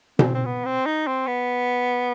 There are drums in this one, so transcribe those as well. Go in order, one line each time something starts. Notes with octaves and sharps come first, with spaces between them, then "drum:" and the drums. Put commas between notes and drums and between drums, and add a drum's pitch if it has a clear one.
C4, drum: tom B2
C4
B3
C4
D#4
C4
B3